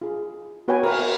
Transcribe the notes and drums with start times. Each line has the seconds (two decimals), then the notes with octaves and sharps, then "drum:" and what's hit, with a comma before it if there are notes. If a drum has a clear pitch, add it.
0.01 F4 G#4
0.68 B3 F#4 B4 C#5 G5 G#5
0.83 A#4, drum: cymbal